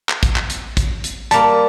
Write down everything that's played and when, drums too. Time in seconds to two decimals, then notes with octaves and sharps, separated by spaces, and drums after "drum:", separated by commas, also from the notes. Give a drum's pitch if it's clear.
0.09 drum: clap
0.23 drum: kick, hi-hat
0.36 drum: clap
0.50 drum: hi-hat
0.77 drum: kick, hi-hat
1.04 drum: hi-hat
1.31 G3 A#3 A5, drum: hi-hat